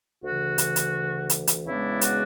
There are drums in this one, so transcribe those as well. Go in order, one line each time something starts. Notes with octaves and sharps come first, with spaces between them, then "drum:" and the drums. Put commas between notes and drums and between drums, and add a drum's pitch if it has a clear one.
D2 C#3 E3 F#4
drum: hi-hat
drum: hi-hat
drum: hi-hat
drum: hi-hat
E2 C#3 G#3 B3 D4 E4
F#4, drum: hi-hat